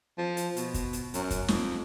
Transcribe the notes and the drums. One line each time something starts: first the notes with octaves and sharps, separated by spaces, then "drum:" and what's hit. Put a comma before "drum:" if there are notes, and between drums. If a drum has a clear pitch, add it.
F3
drum: hi-hat
B2, drum: hi-hat
drum: kick, hi-hat
drum: hi-hat
F#2, drum: hi-hat
drum: kick, hi-hat
F2, drum: snare